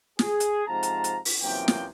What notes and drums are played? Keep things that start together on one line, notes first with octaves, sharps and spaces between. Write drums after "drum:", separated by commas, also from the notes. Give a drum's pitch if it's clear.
G#4, drum: snare
drum: hi-hat
G#2 C3 F3 F5 A5 A#5
drum: hi-hat
drum: hi-hat
drum: open hi-hat
F#2 C3 E3 F3 A#3 G5
drum: snare